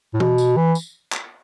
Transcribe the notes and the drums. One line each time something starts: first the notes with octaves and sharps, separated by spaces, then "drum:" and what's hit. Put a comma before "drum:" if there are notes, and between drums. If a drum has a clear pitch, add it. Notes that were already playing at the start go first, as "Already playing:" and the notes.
A2
B2, drum: tom E3
drum: tambourine
E3
drum: tambourine
drum: clap